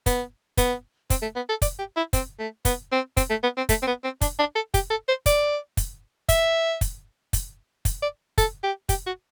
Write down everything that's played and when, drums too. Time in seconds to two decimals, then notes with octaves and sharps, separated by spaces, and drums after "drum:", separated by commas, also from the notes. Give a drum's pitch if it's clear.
0.06 B3, drum: kick, hi-hat
0.57 B3, drum: kick, hi-hat
1.10 C4, drum: kick, hi-hat
1.22 A3
1.36 B3
1.49 A4
1.62 D5, drum: kick, hi-hat
1.79 G4
1.97 E4
2.13 C4, drum: kick, hi-hat
2.39 A3
2.65 B3, drum: kick, hi-hat
2.92 C4
3.17 C4, drum: kick, hi-hat
3.30 A3
3.43 B3
3.57 C4
3.69 A3, drum: kick, hi-hat
3.82 C4
3.87 B3
4.04 C4
4.21 D4, drum: kick, hi-hat
4.39 D4
4.55 A4
4.74 G4, drum: kick, hi-hat
4.90 A4
5.09 C5
5.26 D5, drum: kick, hi-hat
5.77 drum: kick, hi-hat
6.29 E5, drum: kick, hi-hat
6.81 drum: kick, hi-hat
7.33 drum: kick, hi-hat
7.85 drum: kick, hi-hat
8.02 D5
8.38 A4, drum: kick, hi-hat
8.64 G4
8.89 G4, drum: kick, hi-hat
9.06 F#4